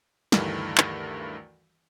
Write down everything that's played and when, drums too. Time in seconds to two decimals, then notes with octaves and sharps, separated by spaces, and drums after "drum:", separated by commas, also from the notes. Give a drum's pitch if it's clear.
0.32 D2 G2 D#3 E3 A3 A#4, drum: snare
0.78 drum: clap